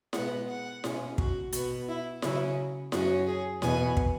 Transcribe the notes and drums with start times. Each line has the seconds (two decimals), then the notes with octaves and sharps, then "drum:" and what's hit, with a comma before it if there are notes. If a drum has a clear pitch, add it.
0.13 B2 G#3 B3 F#5, drum: snare E4
0.49 F#5
0.84 B2 G#3 C#4, drum: snare E4
1.18 F#4, drum: kick
1.52 B2 B3 F#4, drum: hi-hat
1.88 E4
2.22 C#3 F#3 C#4 E4, drum: snare E4
2.92 F#2 F#3 C#4 F#4, drum: snare E4
3.26 G#4
3.62 E2 B2 B3 G#5, drum: snare E4
3.97 drum: kick